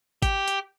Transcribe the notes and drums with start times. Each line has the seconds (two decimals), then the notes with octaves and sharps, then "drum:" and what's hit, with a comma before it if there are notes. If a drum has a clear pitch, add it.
0.22 G4, drum: kick G#1, hi-hat
0.48 drum: hi-hat